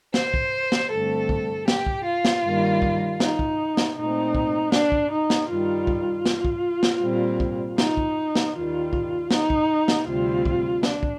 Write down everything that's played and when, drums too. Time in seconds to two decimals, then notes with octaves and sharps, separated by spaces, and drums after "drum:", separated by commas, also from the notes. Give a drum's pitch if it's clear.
0.14 C5, drum: snare
0.34 drum: kick
0.72 drum: snare
0.91 G2 D3 A3 C4 A4
1.29 drum: kick
1.68 G4, drum: snare
1.86 drum: kick
2.06 F4
2.25 drum: snare
2.44 G2 D#3 G3 A#3
2.82 drum: kick
3.20 D#4, drum: snare
3.39 drum: kick
3.77 drum: snare
3.97 A#2 A3 C4 D#4
4.35 drum: kick
4.72 D4, drum: snare
4.92 drum: kick
5.11 D#4
5.30 drum: snare
5.49 G2 D#3 G3 F4
5.87 drum: kick
6.26 drum: snare
6.45 drum: kick
6.83 drum: snare
7.01 A#2 G3 C4
7.40 drum: kick
7.78 D#4, drum: snare
7.97 drum: kick
8.35 drum: snare
8.54 D#2 D#3 G3 F4
8.93 drum: kick
9.31 D#4, drum: snare
9.50 drum: kick
9.88 drum: snare
10.07 D2 C3 G3 C4 F4
10.45 drum: kick
10.83 D4, drum: snare
11.03 drum: kick